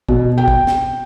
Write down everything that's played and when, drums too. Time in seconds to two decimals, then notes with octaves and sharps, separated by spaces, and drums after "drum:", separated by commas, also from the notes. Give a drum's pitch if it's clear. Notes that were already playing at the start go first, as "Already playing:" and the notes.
0.09 B2, drum: kick
0.38 G5
0.48 drum: kick
0.67 drum: snare